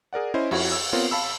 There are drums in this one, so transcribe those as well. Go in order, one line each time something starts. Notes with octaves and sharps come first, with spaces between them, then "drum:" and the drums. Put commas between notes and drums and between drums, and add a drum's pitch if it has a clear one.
G#4 A#4 D5 F#5
C#4 E4 C5 D#5 C6
F2 E4 F#4 G#6, drum: cymbal
E6
B3 C4 F4 A#4 C#5
F5 A5 B5 E6